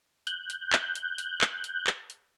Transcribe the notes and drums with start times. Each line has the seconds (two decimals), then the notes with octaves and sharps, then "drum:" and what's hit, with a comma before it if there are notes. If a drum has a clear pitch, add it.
0.27 F#6 G6, drum: hi-hat
0.50 drum: hi-hat
0.73 drum: clap
0.95 drum: hi-hat
1.18 drum: hi-hat
1.41 drum: clap
1.64 drum: hi-hat
1.87 drum: clap
2.10 drum: hi-hat